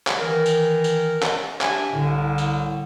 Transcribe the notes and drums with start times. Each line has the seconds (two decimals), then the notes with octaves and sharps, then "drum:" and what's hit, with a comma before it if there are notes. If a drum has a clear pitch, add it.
0.07 drum: clap
0.20 D#3 E3 A#4
0.46 drum: tambourine
0.84 drum: tambourine
1.23 drum: clap
1.61 D4 G4 E5 G#5, drum: clap
1.93 C2 A2 D3
2.38 drum: tambourine